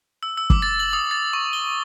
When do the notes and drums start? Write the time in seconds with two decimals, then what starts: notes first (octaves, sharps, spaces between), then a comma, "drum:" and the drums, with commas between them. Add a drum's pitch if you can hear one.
0.23 E6
0.37 E6
0.50 D6, drum: kick
0.62 A6
0.80 F#7
0.93 D#6
1.11 A6
1.33 C#6
1.53 G7